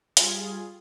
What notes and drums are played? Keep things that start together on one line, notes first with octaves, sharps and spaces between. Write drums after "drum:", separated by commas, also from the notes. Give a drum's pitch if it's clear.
G3 F4 G#4, drum: hi-hat